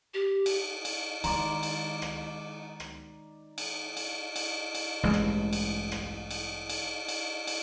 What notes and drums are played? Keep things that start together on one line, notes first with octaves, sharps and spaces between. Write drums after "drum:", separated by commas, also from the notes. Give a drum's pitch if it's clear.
G4
drum: cymbal
drum: cymbal
D#3 G#3 D#4 D5 A#5 C6, drum: cymbal
drum: cymbal
drum: rim click
drum: rim click
drum: cymbal
drum: cymbal
drum: cymbal
drum: cymbal
A1 G2 G#3
drum: rim click
drum: cymbal
drum: rim click
drum: cymbal
drum: cymbal
drum: cymbal
drum: cymbal